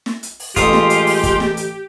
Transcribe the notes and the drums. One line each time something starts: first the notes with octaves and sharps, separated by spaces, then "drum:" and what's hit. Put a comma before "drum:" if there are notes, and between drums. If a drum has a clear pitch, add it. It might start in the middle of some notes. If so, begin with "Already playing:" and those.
drum: snare
drum: hi-hat
drum: open hi-hat
A1 G#3 F4 G4 A4 D#6, drum: kick, hi-hat
drum: snare
drum: hi-hat
drum: open hi-hat
drum: kick, hi-hat
drum: snare
drum: hi-hat